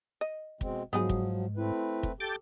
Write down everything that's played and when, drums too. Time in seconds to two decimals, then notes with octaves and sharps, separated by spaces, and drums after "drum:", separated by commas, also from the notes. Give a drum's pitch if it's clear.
0.21 D#5
0.61 B2 G#3 C4, drum: kick
0.93 G#2 F3 F#3 B3 D#4 G#4
1.09 drum: kick
1.56 A3 C4 E4 B4
2.03 drum: kick
2.20 G4 A4 D6 G6 A6